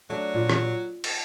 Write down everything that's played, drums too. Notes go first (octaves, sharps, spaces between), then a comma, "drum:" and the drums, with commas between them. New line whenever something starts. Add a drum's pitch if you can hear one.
F#3 A3 D4
A#2
drum: rim click
drum: cymbal